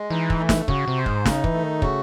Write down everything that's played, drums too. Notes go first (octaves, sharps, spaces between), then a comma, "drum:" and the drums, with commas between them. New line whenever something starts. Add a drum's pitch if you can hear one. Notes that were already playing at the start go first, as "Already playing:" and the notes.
Already playing: G#3
E3 D#4
drum: kick
A3
drum: snare
C#3 F#4, drum: kick
C3
C5
G#2, drum: kick
C#3 D#4, drum: snare
E3, drum: kick
A3
D#3
C#3 F#4, drum: kick